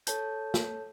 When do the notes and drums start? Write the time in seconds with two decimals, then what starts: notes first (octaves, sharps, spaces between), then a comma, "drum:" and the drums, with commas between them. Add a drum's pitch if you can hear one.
0.07 A4 C#5 A5 G6, drum: hi-hat
0.54 drum: snare